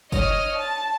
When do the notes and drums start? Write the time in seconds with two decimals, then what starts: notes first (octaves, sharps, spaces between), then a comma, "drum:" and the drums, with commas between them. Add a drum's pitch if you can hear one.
0.12 C#5 D#5 D#6 F6, drum: kick F#1, tambourine
0.55 A5